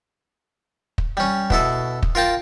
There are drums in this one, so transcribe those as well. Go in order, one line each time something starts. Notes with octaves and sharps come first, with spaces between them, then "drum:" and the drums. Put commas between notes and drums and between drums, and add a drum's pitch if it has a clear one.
drum: kick
G3 C#4
B2 E4 A4, drum: kick
drum: kick
F4 A#4 G5 A5